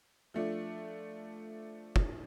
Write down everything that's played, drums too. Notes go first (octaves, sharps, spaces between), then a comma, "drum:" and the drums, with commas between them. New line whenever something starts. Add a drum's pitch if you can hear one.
F3 A3 D4
drum: kick